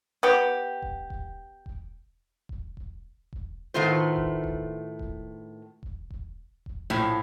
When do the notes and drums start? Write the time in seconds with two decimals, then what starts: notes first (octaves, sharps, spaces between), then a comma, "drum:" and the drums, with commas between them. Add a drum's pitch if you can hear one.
0.23 B3 G4
0.82 drum: kick E1
1.10 drum: kick E1
1.66 drum: kick E1
2.49 drum: kick E1
2.77 drum: kick E1
3.33 drum: kick E1
3.74 A2 D#3 A3 B3 F4 C5
4.16 drum: kick E1
4.44 drum: kick E1
4.99 drum: kick E1
5.83 drum: kick E1
6.11 drum: kick E1
6.66 drum: kick E1
6.90 A#1 A2 F3